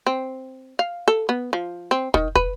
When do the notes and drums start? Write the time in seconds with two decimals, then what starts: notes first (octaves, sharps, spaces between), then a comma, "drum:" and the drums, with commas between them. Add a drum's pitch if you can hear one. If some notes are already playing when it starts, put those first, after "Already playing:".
0.07 C4
0.79 F5
1.08 A4
1.29 B3
1.53 F3
1.91 C4
2.14 D#3, drum: kick
2.35 B4, drum: kick